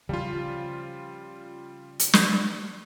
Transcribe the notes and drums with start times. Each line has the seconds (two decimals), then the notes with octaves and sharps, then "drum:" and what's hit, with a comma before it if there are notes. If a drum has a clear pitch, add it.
0.09 C#3 F3 G3 F4
1.99 drum: hi-hat
2.13 drum: snare